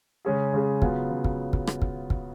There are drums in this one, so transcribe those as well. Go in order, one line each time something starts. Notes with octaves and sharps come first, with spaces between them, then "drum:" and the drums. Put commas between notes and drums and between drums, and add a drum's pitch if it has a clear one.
C#3 G#3 C#4 G#4
C#3 G#3 C#4 G#4
C#3 F#3 B3 F4, drum: kick
C#3
drum: kick
drum: kick
drum: rim click
drum: kick
drum: kick